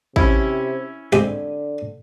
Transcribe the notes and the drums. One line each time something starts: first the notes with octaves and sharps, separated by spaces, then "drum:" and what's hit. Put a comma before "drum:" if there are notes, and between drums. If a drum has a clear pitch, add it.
C3 C#4 E4, drum: kick
D3 G#3 C4 G4, drum: hi-hat